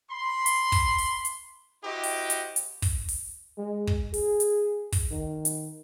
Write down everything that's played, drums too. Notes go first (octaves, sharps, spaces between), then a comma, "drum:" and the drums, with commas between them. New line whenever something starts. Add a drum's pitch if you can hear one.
B5 C6
drum: hi-hat
drum: kick, open hi-hat
drum: open hi-hat
drum: hi-hat
E4 F#4 G4 C5 D#5
drum: open hi-hat
drum: hi-hat
drum: hi-hat
drum: kick, open hi-hat
drum: open hi-hat
G#3
drum: kick
G#4, drum: open hi-hat
drum: hi-hat
drum: kick, open hi-hat
D#3
drum: hi-hat